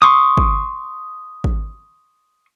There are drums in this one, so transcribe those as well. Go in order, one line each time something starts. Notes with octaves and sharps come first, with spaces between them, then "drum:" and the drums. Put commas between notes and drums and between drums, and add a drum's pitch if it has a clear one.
C6 C#6 D#6
drum: kick
drum: kick